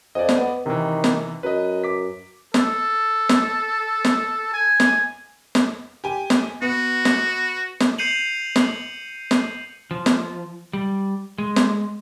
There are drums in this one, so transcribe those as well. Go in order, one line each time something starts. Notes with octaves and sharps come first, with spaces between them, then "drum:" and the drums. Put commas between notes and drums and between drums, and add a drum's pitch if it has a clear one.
F2 D5 D#5
drum: snare
B3
C3 D#3 E3
drum: snare
F#2 B4 D#5
D6 B6
A4, drum: snare
drum: snare
drum: snare
G#5
drum: snare
drum: snare
G4 G#5
drum: snare
B3 F#4
drum: snare
drum: snare
G6 C7 C#7 D#7 F7 F#7
drum: snare
drum: snare
F3
drum: snare
G3
G#3
drum: snare